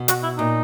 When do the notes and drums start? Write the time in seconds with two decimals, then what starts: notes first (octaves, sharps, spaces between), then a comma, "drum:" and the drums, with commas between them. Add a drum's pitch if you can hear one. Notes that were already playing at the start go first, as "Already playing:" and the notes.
Already playing: B2
0.08 F#4, drum: hi-hat
0.23 E4
0.38 A#2 D#4